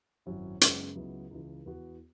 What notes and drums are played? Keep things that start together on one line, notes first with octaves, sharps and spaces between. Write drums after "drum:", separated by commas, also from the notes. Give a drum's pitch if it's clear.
G#1 F#2 F#3 C#4 E4
F#2 C#3 G#3 B3, drum: hi-hat
C#2 C#3 F#3 B3 E4
C#2 C#3 E3
E2 E3 B3 F#4